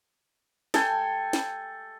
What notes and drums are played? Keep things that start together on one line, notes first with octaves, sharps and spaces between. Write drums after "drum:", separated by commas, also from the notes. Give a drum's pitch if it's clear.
A4 G5 G#5, drum: snare
drum: snare